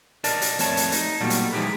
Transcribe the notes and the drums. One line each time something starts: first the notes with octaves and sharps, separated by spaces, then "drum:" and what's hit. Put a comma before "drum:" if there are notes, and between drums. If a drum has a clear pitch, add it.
A#4 D5 D#5 A5, drum: hi-hat
drum: hi-hat
F2 A3 C#5 A5, drum: hi-hat
drum: hi-hat
D#4, drum: hi-hat
A#2 F#3 G3 A3 B3
drum: hi-hat
F3 G#3 D#4 E4 G4 B4